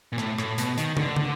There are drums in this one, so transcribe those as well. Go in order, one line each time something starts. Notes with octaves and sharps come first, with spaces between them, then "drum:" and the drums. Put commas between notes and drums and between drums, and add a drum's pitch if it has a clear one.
A#2
A2, drum: rim click
A2, drum: rim click
B2, drum: hi-hat
D#3, drum: hi-hat
D3, drum: tom
drum: tom